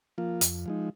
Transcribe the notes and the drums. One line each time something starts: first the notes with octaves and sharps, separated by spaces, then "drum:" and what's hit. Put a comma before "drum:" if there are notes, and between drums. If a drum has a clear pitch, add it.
F3 A#3 F4
F2, drum: hi-hat
F3 G#3 D#4